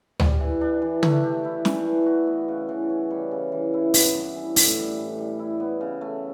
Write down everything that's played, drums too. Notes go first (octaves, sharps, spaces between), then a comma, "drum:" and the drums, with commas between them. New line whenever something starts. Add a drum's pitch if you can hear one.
G3, drum: tom D2
E3
D4
E3
A3, drum: tom
G4
E4
E3, drum: snare
E3
F#4
B3
C#3
E3
C#4
G3
C#3
E3
E4
B3, drum: open hi-hat
G2
E3
A2, drum: open hi-hat
G3
A2
G3
E4
B3
C#3
A3